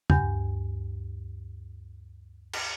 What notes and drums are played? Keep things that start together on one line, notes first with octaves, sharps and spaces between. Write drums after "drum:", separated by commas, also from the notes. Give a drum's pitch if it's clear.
D2 G2 G#5 G6, drum: tom
drum: cymbal